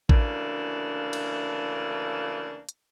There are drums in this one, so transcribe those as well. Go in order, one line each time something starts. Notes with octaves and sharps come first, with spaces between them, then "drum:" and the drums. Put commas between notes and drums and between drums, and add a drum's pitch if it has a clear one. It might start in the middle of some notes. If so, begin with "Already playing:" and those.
D2 C#3 E3 A#3 D4, drum: kick A1
drum: cymbal
drum: hi-hat